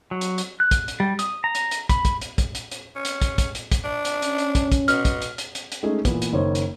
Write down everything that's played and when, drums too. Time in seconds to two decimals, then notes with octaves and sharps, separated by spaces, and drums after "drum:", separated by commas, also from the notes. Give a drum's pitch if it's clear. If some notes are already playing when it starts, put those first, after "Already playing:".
0.11 F#3
0.21 drum: hi-hat
0.38 drum: hi-hat
0.60 F#6
0.71 drum: kick, hi-hat
0.88 drum: hi-hat
1.00 G3
1.19 D#6, drum: hi-hat
1.44 A#5
1.55 drum: hi-hat
1.71 drum: hi-hat
1.89 B5, drum: kick, hi-hat
2.05 drum: kick, hi-hat
2.21 drum: hi-hat
2.38 drum: kick, hi-hat
2.55 drum: hi-hat
2.71 drum: hi-hat
2.96 C#4
3.05 drum: hi-hat
3.22 drum: kick, hi-hat
3.38 drum: kick, hi-hat
3.55 drum: hi-hat
3.72 drum: kick, hi-hat
3.84 D4
4.05 drum: hi-hat
4.22 C#4, drum: hi-hat
4.38 drum: hi-hat
4.55 drum: kick, hi-hat
4.72 drum: kick, hi-hat
4.88 B2 F6, drum: hi-hat
5.05 drum: kick, hi-hat
5.22 drum: hi-hat
5.38 drum: hi-hat
5.55 drum: hi-hat
5.72 drum: hi-hat
5.83 G#3 A3 C#4 D#4 G#4
6.05 A#2 E3 B3, drum: kick, hi-hat
6.22 drum: hi-hat
6.33 F#1 D#3 D#4 C5 C#5
6.55 drum: hi-hat